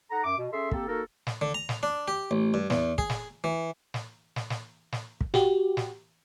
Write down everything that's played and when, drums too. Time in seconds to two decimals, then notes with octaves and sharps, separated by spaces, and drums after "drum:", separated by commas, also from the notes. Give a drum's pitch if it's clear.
0.11 D#4 A4 F#5 A#5
0.24 F#2 E5 D6
0.37 B2
0.52 C#4 G#4 A4 E5 C6
0.71 A#3 C4 G4 A4, drum: kick
0.88 A#3 D#4 F#4 A4 A#4
1.27 drum: snare
1.41 D3
1.54 A#5
1.69 drum: snare
1.83 D4
2.08 G4
2.31 A1
2.54 G2
2.70 E2, drum: snare
2.98 G#4, drum: kick
3.10 drum: snare
3.44 E3
3.94 drum: snare
4.36 drum: snare
4.50 drum: snare
4.92 drum: snare
5.21 drum: kick
5.34 F#4 G4, drum: snare
5.77 drum: snare